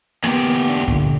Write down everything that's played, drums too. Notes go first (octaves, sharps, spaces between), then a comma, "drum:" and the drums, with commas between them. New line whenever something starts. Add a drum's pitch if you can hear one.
E2 A#3 B3 G4, drum: rim click
drum: hi-hat
D4
G2 A#2 D3, drum: kick, hi-hat